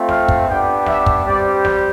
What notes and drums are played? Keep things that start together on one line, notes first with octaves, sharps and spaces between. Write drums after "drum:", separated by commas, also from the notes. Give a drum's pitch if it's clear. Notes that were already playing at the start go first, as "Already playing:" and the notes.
Already playing: A3 C4 F4
F5, drum: snare
drum: kick
B3 D4 G4 G5
E5, drum: snare
drum: kick
G3 C4 G4 D5
drum: snare